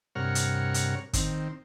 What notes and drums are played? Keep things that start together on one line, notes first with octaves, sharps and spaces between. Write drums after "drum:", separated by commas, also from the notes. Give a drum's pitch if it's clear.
G2 C3 A#4 C#5 F#5 F6
drum: hi-hat
drum: hi-hat
D#3 C4, drum: kick G1, hi-hat